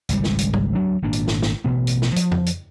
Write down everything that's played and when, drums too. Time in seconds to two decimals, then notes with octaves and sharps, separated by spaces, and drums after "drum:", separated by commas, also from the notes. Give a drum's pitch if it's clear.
0.09 G#1 C#2 C#3 G3, drum: hi-hat
0.24 drum: snare
0.39 drum: hi-hat
0.53 drum: tom G#2
0.75 D2 F#3 D4
1.02 G#1 A#2 A#3 D4
1.13 drum: hi-hat
1.28 drum: snare
1.42 drum: snare
1.65 A1 B2 B3
1.87 drum: hi-hat
2.02 drum: snare
2.16 F3, drum: hi-hat
2.32 drum: tom F2
2.46 drum: hi-hat